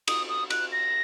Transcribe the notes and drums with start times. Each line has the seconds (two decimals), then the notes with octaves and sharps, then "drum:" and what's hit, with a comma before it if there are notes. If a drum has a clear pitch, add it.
0.08 D#6, drum: cymbal
0.29 D#6
0.50 F#6, drum: cymbal
0.72 A#6